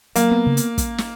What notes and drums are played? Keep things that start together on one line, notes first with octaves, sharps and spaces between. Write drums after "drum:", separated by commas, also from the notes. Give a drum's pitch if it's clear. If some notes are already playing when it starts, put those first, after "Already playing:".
F#3 A#3, drum: hi-hat
B3
C#3
drum: hi-hat
drum: kick, hi-hat
drum: snare